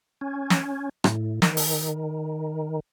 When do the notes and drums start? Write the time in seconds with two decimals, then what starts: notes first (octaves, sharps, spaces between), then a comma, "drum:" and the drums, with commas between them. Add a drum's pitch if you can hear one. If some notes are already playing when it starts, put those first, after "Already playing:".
0.21 C#4
0.50 drum: snare
1.04 A2, drum: rim click
1.42 D#3, drum: snare
1.57 drum: open hi-hat